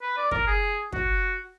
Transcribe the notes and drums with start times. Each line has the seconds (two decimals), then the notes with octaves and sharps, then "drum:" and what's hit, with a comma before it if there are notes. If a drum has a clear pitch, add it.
0.02 B4
0.17 D5
0.31 A#4, drum: kick
0.47 G#4
0.92 F#4, drum: kick